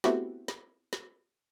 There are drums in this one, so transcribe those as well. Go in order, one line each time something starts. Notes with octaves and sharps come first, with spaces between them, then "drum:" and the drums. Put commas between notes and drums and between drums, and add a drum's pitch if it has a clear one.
A3 B3 C4 E4 F#4 G4, drum: snare
drum: snare
drum: snare